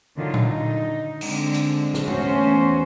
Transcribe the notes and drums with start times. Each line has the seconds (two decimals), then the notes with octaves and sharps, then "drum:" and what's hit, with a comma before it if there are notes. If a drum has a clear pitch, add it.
0.16 D3 D#3 F#3 F4
0.34 drum: tom A#2
0.49 D#4
1.21 D3 G#3 C4, drum: cymbal
1.54 drum: hi-hat
1.94 drum: snare
2.08 E2 A3 C#4 F#4 C5, drum: tom